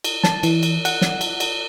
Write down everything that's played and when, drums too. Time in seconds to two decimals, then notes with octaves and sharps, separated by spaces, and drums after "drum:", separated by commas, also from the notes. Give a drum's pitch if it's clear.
0.04 drum: cymbal
0.23 A5, drum: snare
0.43 E3, drum: cymbal
0.63 drum: cymbal
0.85 F#5, drum: cymbal
1.01 drum: snare
1.21 drum: cymbal
1.40 drum: cymbal